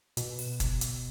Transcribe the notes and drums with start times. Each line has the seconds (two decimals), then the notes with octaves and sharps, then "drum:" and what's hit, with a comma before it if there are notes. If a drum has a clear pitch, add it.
0.17 B2, drum: hi-hat
0.39 drum: open hi-hat
0.60 drum: kick, hi-hat
0.81 drum: hi-hat